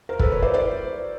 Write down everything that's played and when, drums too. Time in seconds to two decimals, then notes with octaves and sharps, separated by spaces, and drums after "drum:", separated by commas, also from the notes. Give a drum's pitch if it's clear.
0.09 A#4 C5
0.19 A4 B4, drum: kick
0.31 B4 C#5
0.42 C5 D5
0.54 C5 D5